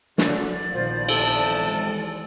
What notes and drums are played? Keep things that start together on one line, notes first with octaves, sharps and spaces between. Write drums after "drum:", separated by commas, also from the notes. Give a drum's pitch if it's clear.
F#2 D3 D5, drum: snare
A#1 D#3 F3 B3 F4 C5
F2 C3 A4 A5, drum: cymbal
E3 G3 G#3